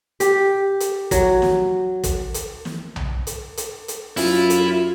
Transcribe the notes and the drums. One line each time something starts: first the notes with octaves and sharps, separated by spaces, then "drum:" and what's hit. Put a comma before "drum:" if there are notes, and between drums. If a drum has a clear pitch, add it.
G4, drum: hi-hat
drum: hi-hat
F#3, drum: kick, hi-hat
drum: snare
drum: kick, hi-hat
drum: hi-hat
drum: snare
drum: tom B1
drum: hi-hat
drum: hi-hat
drum: hi-hat
F#2 E4 F4, drum: open hi-hat
drum: hi-hat